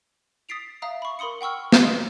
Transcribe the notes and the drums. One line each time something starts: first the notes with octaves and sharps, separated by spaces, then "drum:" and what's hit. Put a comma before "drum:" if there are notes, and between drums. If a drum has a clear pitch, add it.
D#6 A6 B6 C7 D7 F7
E5 F5 A#5 D#6
B5 C#6
A#4 B5 C6 D#6 C#7
F#5 G5 C#6 E6 F6
drum: snare
D#5 C6 D#6